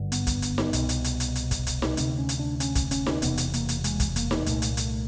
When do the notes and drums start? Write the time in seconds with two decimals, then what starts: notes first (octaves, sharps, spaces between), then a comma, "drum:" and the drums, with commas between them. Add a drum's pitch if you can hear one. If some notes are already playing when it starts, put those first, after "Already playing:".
Already playing: G#1 G2 D3
0.12 B3, drum: hi-hat
0.27 drum: kick, hi-hat
0.42 drum: hi-hat
0.58 drum: snare D#4
0.73 C2 B2, drum: hi-hat
0.89 drum: hi-hat
1.04 drum: hi-hat
1.20 drum: hi-hat
1.36 drum: hi-hat
1.51 drum: kick, hi-hat
1.67 drum: hi-hat
1.82 drum: snare D#4
1.97 D2 C3 C4, drum: hi-hat
2.18 C#4
2.29 drum: hi-hat
2.39 D4
2.60 C#4, drum: hi-hat
2.75 drum: kick, hi-hat
2.91 C#4, drum: hi-hat
3.06 drum: snare D#4
3.22 E1 E2 C3 B3, drum: hi-hat
3.38 drum: hi-hat
3.54 A#3, drum: hi-hat
3.69 drum: hi-hat
3.84 G#3, drum: hi-hat
4.00 drum: kick, hi-hat
4.16 A#3, drum: hi-hat
4.31 drum: snare D#4
4.46 C2 A#2 A3, drum: hi-hat
4.62 drum: hi-hat
4.77 A3, drum: hi-hat